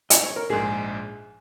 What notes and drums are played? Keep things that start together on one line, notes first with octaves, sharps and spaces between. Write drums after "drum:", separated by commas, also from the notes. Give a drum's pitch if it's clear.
D#5, drum: hi-hat
C#5
A#4
A#1 G#2 G#3 G#4